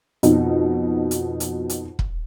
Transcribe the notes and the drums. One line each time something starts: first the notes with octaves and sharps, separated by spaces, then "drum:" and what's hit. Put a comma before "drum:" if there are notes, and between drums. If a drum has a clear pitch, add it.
F2 B2 D#4, drum: hi-hat
drum: hi-hat
drum: hi-hat
drum: hi-hat
drum: kick